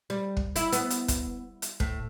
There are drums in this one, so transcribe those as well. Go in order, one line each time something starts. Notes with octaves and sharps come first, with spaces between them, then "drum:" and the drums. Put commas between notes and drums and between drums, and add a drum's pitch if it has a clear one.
G3
drum: kick
E4, drum: hi-hat
B3, drum: hi-hat
drum: hi-hat
drum: kick, hi-hat
drum: hi-hat
A2, drum: kick